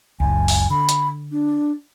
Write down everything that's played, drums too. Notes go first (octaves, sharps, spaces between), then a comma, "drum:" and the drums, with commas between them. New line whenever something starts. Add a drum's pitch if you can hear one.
F#1 C#2 G#5
drum: open hi-hat
D3 B5
drum: hi-hat
D4